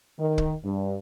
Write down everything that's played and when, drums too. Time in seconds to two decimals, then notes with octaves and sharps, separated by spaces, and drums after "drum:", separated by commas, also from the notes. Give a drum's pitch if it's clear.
0.19 D#3
0.38 drum: kick
0.64 G2